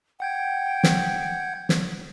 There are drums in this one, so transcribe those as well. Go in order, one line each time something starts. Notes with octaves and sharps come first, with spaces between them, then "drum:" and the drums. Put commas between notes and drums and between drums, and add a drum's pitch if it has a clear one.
F#5 G5 G6 G#6
drum: snare
drum: snare